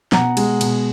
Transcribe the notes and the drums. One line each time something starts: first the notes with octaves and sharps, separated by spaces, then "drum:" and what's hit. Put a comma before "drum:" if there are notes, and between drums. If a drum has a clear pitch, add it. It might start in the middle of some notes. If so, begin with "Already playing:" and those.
B2 F#5 A#5, drum: snare
G#3, drum: cymbal
B2, drum: cymbal